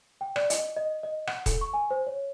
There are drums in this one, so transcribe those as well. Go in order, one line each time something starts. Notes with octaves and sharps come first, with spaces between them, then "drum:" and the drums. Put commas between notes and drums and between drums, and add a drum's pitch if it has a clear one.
G5
D5, drum: rim click
D#5, drum: hi-hat
D#5
D#5
F#5, drum: rim click
A4, drum: kick D#1, hi-hat
C#6
G#5
C5
C#5